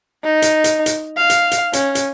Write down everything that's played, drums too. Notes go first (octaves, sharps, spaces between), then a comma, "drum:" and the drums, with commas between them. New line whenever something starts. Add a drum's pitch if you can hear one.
D#4
drum: hi-hat
drum: hi-hat
drum: hi-hat
F5
drum: hi-hat
drum: hi-hat
C#4, drum: hi-hat
drum: hi-hat